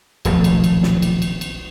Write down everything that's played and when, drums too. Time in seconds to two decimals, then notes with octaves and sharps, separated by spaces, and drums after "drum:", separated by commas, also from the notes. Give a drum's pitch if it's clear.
0.25 D#1 B1 F3 A3, drum: cymbal
0.44 drum: cymbal
0.64 drum: cymbal
0.83 drum: snare
1.02 drum: cymbal
1.22 drum: cymbal
1.41 drum: cymbal